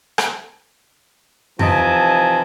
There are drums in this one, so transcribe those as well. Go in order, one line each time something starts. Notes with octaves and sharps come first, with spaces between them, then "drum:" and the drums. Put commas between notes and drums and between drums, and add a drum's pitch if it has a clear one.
drum: rim click
C3 E3 F3 D#4 G#5 A5, drum: tom F2